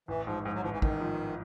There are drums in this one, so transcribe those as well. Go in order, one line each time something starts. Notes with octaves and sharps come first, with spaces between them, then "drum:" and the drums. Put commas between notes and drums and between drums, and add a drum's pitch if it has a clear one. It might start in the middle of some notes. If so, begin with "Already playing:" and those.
A1 E3
G#2 F3
G#2 F3
F#3
A1 F3
E3
A1 D#3, drum: kick
F3